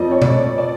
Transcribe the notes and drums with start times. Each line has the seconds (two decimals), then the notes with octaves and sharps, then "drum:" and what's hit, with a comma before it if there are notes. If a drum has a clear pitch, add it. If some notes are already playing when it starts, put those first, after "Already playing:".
Already playing: F2 C5 D5 D#5
0.11 C#5
0.22 D5, drum: tom B2
0.58 D5